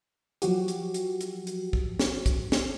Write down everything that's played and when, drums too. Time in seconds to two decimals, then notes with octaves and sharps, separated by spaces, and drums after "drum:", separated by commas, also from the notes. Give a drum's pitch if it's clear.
0.42 F3 F#3 F#4 G4, drum: hi-hat
0.68 drum: hi-hat
0.94 drum: hi-hat
1.21 drum: hi-hat
1.47 drum: hi-hat
1.73 drum: kick
1.99 drum: snare
2.26 drum: kick, hi-hat
2.52 drum: snare